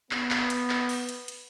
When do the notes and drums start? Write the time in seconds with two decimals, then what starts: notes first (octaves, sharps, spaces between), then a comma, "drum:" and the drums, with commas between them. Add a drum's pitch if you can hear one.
0.11 B3, drum: clap
0.31 drum: clap
0.50 drum: hi-hat
0.70 drum: clap
0.89 drum: open hi-hat
1.09 drum: hi-hat
1.28 drum: hi-hat